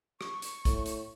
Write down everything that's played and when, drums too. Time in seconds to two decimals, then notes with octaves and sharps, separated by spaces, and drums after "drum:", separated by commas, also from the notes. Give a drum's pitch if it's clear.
0.21 C#6, drum: rim click
0.42 drum: hi-hat
0.65 A2, drum: kick, hi-hat
0.86 drum: hi-hat